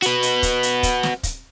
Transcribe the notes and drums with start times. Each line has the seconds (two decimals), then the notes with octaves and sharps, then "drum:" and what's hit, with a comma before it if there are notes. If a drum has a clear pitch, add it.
0.02 F#4 B4, drum: hi-hat
0.22 drum: hi-hat
0.43 drum: kick, hi-hat
0.63 drum: hi-hat
0.83 drum: kick, hi-hat
1.03 drum: snare
1.23 drum: kick, hi-hat